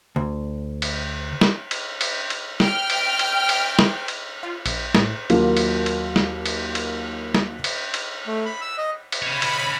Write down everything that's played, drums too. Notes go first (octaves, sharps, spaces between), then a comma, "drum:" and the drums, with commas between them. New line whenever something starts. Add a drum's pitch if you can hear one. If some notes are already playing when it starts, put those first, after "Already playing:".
D2
drum: cymbal
drum: snare
drum: cymbal
drum: cymbal
drum: cymbal
G5 F6, drum: snare
drum: cymbal
drum: cymbal
drum: cymbal
drum: snare
drum: cymbal
F4
A#1, drum: cymbal
A2, drum: snare
D#2 F#3 A#3 F4, drum: cymbal
drum: cymbal
drum: cymbal
drum: snare
drum: cymbal
drum: cymbal
drum: snare
drum: cymbal
drum: cymbal
A3
B5
E6
D#5
drum: cymbal
C#5 F5 B5
drum: cymbal